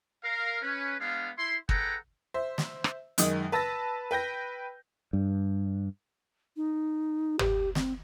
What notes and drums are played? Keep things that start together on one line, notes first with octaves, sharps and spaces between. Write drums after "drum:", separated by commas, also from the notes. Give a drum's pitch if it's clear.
A#4 F5
C#4 B4
G#3 B3 D4 F5
E4 C6
G#4 A4 B4 F#5 G5 A#5, drum: kick
C5 E5
drum: snare
drum: rim click
F#2 D#3 G#3 D#6, drum: hi-hat
B4 A5 E6 A6 A#6
B4 G5 G6 A#6
G2
D#4
G4, drum: tom
C4, drum: snare